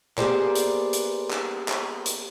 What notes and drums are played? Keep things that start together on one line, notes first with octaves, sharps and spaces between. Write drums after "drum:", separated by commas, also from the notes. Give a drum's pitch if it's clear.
A#3 B3 G4 G#4 C5 D5, drum: clap
drum: hi-hat
drum: hi-hat
drum: clap
drum: clap
drum: hi-hat